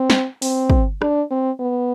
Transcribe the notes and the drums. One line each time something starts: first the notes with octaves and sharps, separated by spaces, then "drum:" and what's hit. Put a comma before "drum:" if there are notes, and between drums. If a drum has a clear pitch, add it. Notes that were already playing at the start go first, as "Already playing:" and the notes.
Already playing: C4
drum: snare
C4, drum: open hi-hat
drum: kick
D4, drum: rim click
C4
B3